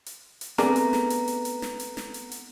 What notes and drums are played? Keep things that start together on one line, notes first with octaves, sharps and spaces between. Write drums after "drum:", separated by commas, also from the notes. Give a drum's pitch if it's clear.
drum: hi-hat
drum: hi-hat
A3 B3 C4 D4 G#4 A#4 A#5, drum: snare
drum: hi-hat
drum: snare
drum: hi-hat
drum: hi-hat
drum: hi-hat
drum: snare
drum: hi-hat
drum: snare
drum: hi-hat
drum: hi-hat